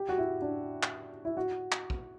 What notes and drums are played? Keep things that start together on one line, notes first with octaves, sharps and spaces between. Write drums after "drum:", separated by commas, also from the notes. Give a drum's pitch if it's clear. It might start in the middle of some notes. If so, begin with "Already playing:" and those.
Already playing: G4
F#4
E4
D4
drum: clap
E4
F#4
drum: clap
drum: kick